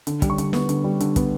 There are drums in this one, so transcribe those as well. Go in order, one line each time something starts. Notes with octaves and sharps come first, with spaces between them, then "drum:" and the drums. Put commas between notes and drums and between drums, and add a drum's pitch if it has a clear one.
D3, drum: hi-hat
G3, drum: kick, hi-hat
C#6
D3, drum: hi-hat
B3, drum: snare
D3, drum: hi-hat
G3
D3, drum: hi-hat
B3, drum: kick, hi-hat